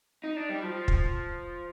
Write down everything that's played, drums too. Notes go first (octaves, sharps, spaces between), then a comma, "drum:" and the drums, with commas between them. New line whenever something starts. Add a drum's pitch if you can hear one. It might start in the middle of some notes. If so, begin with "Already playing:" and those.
D#4
D4
G3
F3
drum: kick